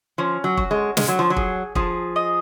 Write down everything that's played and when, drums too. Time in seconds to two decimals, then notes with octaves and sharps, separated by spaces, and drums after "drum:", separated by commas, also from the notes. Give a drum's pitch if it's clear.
0.18 F3 C#4
0.44 F#3
0.57 F#4, drum: kick
0.71 G#3
0.97 G#3 C#4, drum: snare
1.08 F#3
1.19 F3
1.30 F#3
1.37 G#4, drum: kick
1.75 F3 G#4, drum: kick
2.16 D#5